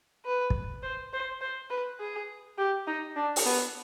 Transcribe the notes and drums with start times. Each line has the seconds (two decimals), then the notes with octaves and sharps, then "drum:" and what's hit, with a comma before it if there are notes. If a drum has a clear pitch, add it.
0.25 B4
0.50 drum: kick
0.83 C5
1.13 C5
1.41 C5
1.70 B4
2.00 G#4
2.58 G4
2.87 D#4
3.16 D4
3.36 drum: open hi-hat
3.45 B3